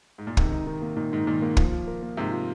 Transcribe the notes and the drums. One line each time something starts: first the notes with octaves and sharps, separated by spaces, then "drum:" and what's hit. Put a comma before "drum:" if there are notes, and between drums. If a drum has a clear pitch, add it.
G#2
A#2
G#2 C3 D#3, drum: kick
D#4
D#3
A#3
A#2 D#3
G#2 D#4
A#2 D#3
G#2 A#3
F3, drum: kick
F4
A#4
A#3
G#2 C3 F3
F4